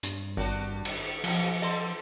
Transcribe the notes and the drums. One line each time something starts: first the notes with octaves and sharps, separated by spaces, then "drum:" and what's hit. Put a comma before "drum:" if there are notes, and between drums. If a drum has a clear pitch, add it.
G2, drum: hi-hat
G#1 G3 D4 F#4
drum: cymbal
E2 B2 F3, drum: cymbal
G3 C4 A4 D#5 C6